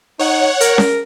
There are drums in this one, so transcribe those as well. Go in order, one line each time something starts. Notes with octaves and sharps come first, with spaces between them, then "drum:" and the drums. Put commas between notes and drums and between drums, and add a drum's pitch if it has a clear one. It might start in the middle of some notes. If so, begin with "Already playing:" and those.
D#4 C#5 F#5
A#4, drum: hi-hat
drum: snare C#4